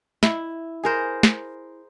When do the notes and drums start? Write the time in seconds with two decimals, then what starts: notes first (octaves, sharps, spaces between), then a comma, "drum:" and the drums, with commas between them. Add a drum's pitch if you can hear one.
0.23 E4, drum: snare
0.84 G#4 A#4 C5
1.23 drum: snare